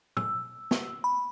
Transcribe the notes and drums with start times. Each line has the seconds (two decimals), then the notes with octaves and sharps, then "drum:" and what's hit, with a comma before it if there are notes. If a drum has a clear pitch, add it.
0.17 E6, drum: tom
0.71 drum: snare
1.04 B5